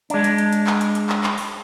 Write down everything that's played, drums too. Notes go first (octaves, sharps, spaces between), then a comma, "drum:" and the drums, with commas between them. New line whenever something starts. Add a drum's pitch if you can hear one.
G#3 D4, drum: hi-hat
drum: hi-hat
drum: hi-hat
drum: hi-hat
drum: clap
drum: hi-hat
drum: hi-hat
drum: clap
drum: clap
drum: open hi-hat